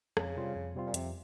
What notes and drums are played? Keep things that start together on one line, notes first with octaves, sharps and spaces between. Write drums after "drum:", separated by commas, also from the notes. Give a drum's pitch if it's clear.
F2 C#3, drum: rim click
C3 G3 C4 F4
F2
C3 G3 C4 F4
A#2
F2 C3, drum: hi-hat